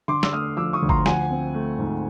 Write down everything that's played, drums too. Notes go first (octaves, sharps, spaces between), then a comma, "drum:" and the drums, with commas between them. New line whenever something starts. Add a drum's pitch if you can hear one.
D3 C6 D6
E6, drum: snare
A3 D#6 F6
F3 D6 E6
C#6 D#6
D2
A#5 C6, drum: kick G1
F3 F#5 G#5, drum: snare
C4
A3
G#2